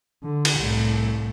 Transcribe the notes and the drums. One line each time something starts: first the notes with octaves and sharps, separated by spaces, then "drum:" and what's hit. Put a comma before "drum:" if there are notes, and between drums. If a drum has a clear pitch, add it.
D3
drum: cymbal
C2 A2